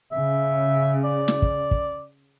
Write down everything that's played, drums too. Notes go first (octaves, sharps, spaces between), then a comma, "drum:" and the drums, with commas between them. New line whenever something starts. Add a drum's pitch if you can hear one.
C#3 E5
D5
drum: snare
drum: kick
drum: kick